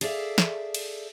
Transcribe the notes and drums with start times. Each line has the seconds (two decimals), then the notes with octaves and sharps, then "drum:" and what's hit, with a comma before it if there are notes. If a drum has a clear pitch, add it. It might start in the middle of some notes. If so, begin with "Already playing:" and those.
0.01 G#4 A4 D5 E5 F5, drum: cymbal
0.38 drum: snare
0.74 drum: cymbal